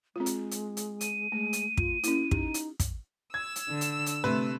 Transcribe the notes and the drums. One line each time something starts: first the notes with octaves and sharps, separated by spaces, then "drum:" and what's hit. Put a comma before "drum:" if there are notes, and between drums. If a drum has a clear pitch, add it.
G#3 C4 F4
drum: hi-hat
drum: hi-hat
drum: hi-hat
D#7, drum: hi-hat
G#3 A3
drum: hi-hat
F4, drum: kick
A#3 C#4 E4, drum: hi-hat
D#4 G4, drum: kick
drum: hi-hat
drum: kick, hi-hat
E6 G#6
drum: hi-hat
D3
drum: hi-hat
drum: hi-hat
C3 A3 B4